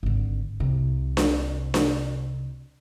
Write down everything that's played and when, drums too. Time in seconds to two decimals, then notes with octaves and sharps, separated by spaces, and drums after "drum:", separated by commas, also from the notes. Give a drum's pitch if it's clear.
0.03 G#1 D3
0.60 C2 C3
1.17 drum: snare D4
1.74 drum: snare D4